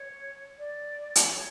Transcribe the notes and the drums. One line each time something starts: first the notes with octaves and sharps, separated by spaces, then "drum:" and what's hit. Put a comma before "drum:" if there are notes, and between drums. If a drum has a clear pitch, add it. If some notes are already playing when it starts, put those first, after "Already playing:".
Already playing: C#5
D5
drum: hi-hat
C#5